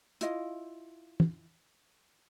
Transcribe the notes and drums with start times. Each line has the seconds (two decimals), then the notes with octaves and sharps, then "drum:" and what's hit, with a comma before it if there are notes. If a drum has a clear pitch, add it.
0.21 E4 F4 D#5 F5, drum: hi-hat
1.20 drum: tom